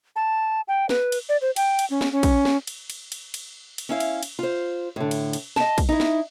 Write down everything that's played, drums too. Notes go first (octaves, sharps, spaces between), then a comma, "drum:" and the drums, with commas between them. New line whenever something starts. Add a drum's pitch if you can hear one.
A5
G5
B4, drum: snare
drum: cymbal
D5
C5
G5, drum: cymbal
drum: cymbal
C#4
drum: snare
C#4
drum: kick, cymbal
drum: snare
drum: cymbal
drum: cymbal
drum: cymbal
drum: cymbal
drum: cymbal
C#4 E4 F5
drum: cymbal
drum: cymbal
F4 C5
A2 D3
drum: cymbal
drum: cymbal
D#5 A5, drum: snare
drum: kick, cymbal
D#4 E4
drum: snare